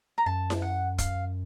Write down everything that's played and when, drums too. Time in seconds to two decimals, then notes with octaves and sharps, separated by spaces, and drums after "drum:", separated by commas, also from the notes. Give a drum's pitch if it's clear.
0.18 A#5
0.26 F#2 A5
0.50 drum: snare E4
0.62 F#5
0.98 F5, drum: kick, hi-hat